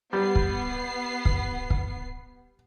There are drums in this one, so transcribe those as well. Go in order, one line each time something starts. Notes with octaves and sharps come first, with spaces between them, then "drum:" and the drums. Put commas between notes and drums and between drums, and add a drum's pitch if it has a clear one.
G3 B3 C7
drum: kick
drum: kick
drum: kick